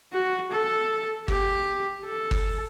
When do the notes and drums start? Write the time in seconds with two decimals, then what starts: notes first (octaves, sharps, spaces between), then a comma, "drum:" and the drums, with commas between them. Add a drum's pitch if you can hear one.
0.13 F#4
0.51 A4
1.28 G4, drum: kick G1
2.05 A4
2.31 drum: kick G1